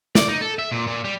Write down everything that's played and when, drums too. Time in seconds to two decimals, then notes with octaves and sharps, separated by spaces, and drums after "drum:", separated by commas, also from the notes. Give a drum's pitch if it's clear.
0.15 D5, drum: snare
0.28 D#4
0.41 A4
0.59 E5
0.72 A#2
0.87 A#2
1.04 G3